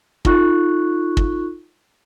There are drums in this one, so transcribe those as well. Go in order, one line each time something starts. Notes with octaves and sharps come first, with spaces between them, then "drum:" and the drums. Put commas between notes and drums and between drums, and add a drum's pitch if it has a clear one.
D#4 F4 A4 C#6 F#6, drum: kick
drum: kick